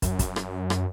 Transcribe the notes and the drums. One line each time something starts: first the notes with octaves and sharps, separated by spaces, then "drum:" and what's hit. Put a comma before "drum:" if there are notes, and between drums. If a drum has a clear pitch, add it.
F#2, drum: kick, hi-hat
drum: kick, hi-hat
drum: rim click
drum: rim click